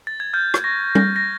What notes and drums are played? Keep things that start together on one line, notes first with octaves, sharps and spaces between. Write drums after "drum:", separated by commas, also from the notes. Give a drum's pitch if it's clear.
A6
G#6
F6 G6
drum: rim click
C#6 A#6
F6 A#6, drum: tom G3
A#6